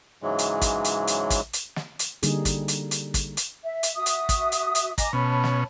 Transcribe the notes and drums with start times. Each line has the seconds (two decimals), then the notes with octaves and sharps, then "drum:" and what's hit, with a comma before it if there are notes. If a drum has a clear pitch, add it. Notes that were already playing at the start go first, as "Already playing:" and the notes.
0.22 G#2 C#3 E3 F#3 G#3
0.39 drum: hi-hat
0.61 drum: kick, hi-hat
0.84 drum: hi-hat
1.07 drum: hi-hat
1.30 drum: kick, hi-hat
1.53 drum: hi-hat
1.76 drum: snare
1.99 drum: hi-hat
2.23 D3 G3 A#3 D#4 G#4, drum: hi-hat
2.45 drum: kick, hi-hat
2.68 drum: hi-hat
2.91 drum: hi-hat
3.14 drum: kick, hi-hat
3.37 drum: hi-hat
3.64 E5
3.83 drum: hi-hat
3.97 F#4 E5 D#6
4.06 drum: hi-hat
4.29 drum: kick, hi-hat
4.52 drum: hi-hat
4.75 drum: hi-hat
4.98 D#5 G#5 A#5 D6, drum: kick, hi-hat
5.13 B2 C#4 C#5 A5 B5
5.44 drum: snare